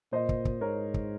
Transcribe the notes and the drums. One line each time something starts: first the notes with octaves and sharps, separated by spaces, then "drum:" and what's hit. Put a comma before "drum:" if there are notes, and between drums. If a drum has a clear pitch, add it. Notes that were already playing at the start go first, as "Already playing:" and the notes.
A#2 C5 D#5
drum: kick
drum: kick
G#2 A#4 C#5
drum: kick